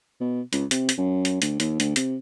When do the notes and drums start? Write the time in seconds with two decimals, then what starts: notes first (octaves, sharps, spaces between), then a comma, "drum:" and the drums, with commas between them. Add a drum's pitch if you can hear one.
0.21 B2
0.53 C#2, drum: hi-hat
0.71 C3, drum: hi-hat
0.89 drum: hi-hat
0.98 F#2
1.25 drum: hi-hat
1.42 D2, drum: hi-hat
1.60 D#2, drum: hi-hat
1.80 D2, drum: hi-hat
1.96 C3, drum: hi-hat